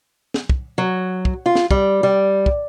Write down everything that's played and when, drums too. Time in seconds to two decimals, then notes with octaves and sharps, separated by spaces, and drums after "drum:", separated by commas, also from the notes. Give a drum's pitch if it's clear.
0.34 drum: snare
0.50 drum: kick
0.78 F#3
1.25 drum: kick
1.46 F4
1.55 drum: snare
1.71 G3, drum: kick
2.03 G3
2.46 drum: kick